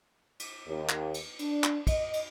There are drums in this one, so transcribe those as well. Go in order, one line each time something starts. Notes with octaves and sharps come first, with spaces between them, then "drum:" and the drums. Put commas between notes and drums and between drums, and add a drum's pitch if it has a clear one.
drum: cymbal
D#2
drum: clap
drum: cymbal
D4, drum: cymbal
drum: clap
D#5, drum: kick, cymbal
drum: cymbal